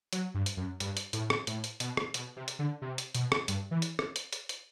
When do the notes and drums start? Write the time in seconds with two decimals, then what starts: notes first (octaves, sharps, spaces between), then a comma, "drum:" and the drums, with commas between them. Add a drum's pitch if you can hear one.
0.13 F#3, drum: hi-hat
0.34 G2
0.46 drum: hi-hat
0.57 F#2
0.80 G2, drum: hi-hat
0.97 drum: hi-hat
1.13 A2, drum: hi-hat
1.30 drum: rim click
1.47 A2, drum: hi-hat
1.64 drum: hi-hat
1.80 B2, drum: hi-hat
1.97 drum: rim click
2.14 B2, drum: hi-hat
2.37 C3
2.48 drum: hi-hat
2.59 D3
2.82 C3
2.98 drum: hi-hat
3.15 B2, drum: hi-hat
3.32 drum: rim click
3.48 G2, drum: hi-hat
3.71 E3
3.82 drum: hi-hat
3.99 drum: rim click
4.16 drum: hi-hat
4.33 drum: hi-hat
4.49 drum: hi-hat